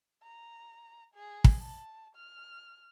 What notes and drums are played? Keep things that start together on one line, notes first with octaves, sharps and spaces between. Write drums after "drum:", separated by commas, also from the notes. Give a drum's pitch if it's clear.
A#5
G#4
drum: kick
A5
F6